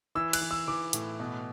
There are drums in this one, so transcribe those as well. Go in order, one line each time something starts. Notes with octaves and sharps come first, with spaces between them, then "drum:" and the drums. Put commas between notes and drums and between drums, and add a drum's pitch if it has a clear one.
E3 E6
F#6, drum: cymbal
E3
E6
E3 D6
A2, drum: hi-hat
B2